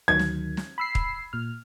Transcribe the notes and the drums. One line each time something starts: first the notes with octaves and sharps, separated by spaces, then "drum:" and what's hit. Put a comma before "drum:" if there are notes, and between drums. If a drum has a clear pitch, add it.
D2 D#3 F#3 G#6
drum: snare
drum: snare
B5 E6 C7
drum: kick
A#2 F6